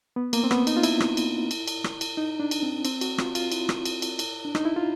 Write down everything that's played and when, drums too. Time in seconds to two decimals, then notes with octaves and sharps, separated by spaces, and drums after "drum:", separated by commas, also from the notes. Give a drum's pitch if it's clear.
0.16 B3
0.33 A#3, drum: cymbal
0.44 C4
0.51 B3, drum: rim click
0.67 D#4, drum: cymbal
0.77 F4
0.83 E4, drum: cymbal
1.00 drum: rim click
1.17 drum: cymbal
1.51 drum: cymbal
1.68 drum: cymbal
1.84 drum: rim click
2.01 drum: cymbal
2.17 D#4
2.40 D4
2.51 drum: cymbal
2.62 C4
2.85 C4, drum: cymbal
3.01 F#4, drum: cymbal
3.18 F4, drum: rim click
3.35 F4, drum: cymbal
3.52 E4, drum: cymbal
3.69 drum: rim click
3.85 drum: cymbal
4.02 drum: cymbal
4.19 drum: cymbal
4.45 D4
4.55 D#4, drum: rim click
4.65 E4
4.76 F4